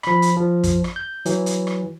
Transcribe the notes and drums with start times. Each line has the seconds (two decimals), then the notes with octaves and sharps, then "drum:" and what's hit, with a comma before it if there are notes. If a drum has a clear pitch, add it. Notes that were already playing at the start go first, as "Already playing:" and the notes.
0.03 F3 B5, drum: rim click
0.22 drum: hi-hat
0.37 F3
0.64 drum: kick, hi-hat
0.84 drum: rim click
0.96 G6
1.25 E3 F#3, drum: hi-hat
1.46 drum: hi-hat
1.67 drum: rim click